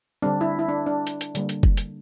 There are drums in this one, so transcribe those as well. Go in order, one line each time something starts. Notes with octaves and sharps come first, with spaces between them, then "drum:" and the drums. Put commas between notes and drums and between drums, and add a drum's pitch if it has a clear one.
D3 G3 C4 D4
E4
E4
D4
D4
drum: hi-hat
drum: hi-hat
D3 G3 A#3, drum: hi-hat
drum: hi-hat
drum: kick F#1
drum: hi-hat